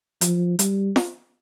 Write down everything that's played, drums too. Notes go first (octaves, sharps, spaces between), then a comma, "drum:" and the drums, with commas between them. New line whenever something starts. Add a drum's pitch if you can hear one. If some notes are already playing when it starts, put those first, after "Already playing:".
F3, drum: hi-hat
G3, drum: hi-hat
drum: snare